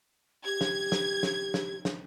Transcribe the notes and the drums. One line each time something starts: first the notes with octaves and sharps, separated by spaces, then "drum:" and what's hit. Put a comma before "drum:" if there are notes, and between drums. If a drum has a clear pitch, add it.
G4 G#6
drum: snare
drum: snare
drum: snare
drum: snare
drum: snare